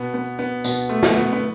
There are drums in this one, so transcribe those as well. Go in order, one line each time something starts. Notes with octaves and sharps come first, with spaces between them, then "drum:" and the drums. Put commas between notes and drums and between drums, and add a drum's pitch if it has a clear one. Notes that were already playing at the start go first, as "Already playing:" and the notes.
Already playing: B2 B3
B3
B3
B2 B3, drum: tambourine
A3
drum: snare
B3
B3